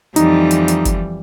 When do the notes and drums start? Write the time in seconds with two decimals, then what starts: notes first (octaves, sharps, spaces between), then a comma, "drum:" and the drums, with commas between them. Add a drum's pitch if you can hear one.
0.16 F2 E3 G3 D#4, drum: hi-hat
0.51 drum: hi-hat
0.68 drum: hi-hat
0.85 drum: kick, hi-hat